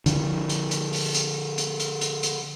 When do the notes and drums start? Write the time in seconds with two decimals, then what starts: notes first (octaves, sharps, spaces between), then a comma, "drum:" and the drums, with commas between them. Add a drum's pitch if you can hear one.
0.06 D3 F3, drum: hi-hat
0.49 drum: hi-hat
0.71 drum: hi-hat
0.93 drum: open hi-hat
1.14 drum: hi-hat
1.58 drum: hi-hat
1.80 drum: hi-hat
2.01 drum: hi-hat
2.23 drum: hi-hat